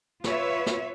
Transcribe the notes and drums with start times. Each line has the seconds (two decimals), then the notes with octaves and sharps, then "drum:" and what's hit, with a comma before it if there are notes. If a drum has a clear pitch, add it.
0.24 F4 B4 C#5 E5, drum: snare
0.66 drum: snare